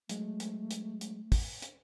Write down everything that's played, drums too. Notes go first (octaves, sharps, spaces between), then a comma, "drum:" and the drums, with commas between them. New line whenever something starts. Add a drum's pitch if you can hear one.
F#3 G#3 A3, drum: hi-hat
drum: hi-hat
drum: hi-hat
drum: hi-hat
drum: kick, open hi-hat
drum: hi-hat